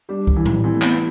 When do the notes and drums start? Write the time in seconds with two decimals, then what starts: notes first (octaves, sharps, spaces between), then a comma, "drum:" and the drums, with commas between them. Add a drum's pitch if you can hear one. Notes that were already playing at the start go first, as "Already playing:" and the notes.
0.09 G3 D4
0.27 drum: kick
0.36 E3
0.46 drum: tom A2
0.64 E3 C4
0.74 A3
0.82 B3, drum: clap